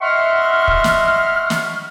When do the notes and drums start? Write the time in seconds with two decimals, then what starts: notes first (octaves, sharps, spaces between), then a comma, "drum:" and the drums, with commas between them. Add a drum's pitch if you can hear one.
0.02 D#5 E5 F#5 C6 C#6 F6
0.68 drum: kick
0.84 drum: snare
1.50 drum: snare